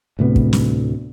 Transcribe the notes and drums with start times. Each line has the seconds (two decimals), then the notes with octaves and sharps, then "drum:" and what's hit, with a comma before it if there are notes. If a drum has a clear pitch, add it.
0.19 D2 A2 C3 B3
0.36 drum: kick
0.53 drum: snare